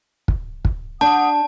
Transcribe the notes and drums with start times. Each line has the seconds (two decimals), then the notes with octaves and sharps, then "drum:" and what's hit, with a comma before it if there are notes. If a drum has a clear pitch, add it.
0.28 drum: kick
0.65 drum: kick
1.01 D4 F#5 A5 D#6